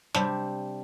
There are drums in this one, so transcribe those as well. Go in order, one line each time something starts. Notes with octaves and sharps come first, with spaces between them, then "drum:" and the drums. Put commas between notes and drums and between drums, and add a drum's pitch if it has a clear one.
C3 G3 D4, drum: snare